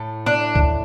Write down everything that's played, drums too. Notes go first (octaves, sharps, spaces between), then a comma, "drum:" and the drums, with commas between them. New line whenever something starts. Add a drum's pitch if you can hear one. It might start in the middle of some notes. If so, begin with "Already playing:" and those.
Already playing: A2 A3
D4
drum: kick C2